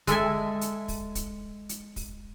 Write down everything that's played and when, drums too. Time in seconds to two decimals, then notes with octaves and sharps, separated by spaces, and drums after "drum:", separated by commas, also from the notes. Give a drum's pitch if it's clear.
0.07 G#3 A4 E5 G#5, drum: kick, hi-hat
0.61 drum: hi-hat
0.88 drum: kick, open hi-hat
1.15 drum: kick, hi-hat
1.69 drum: hi-hat
1.96 drum: kick, open hi-hat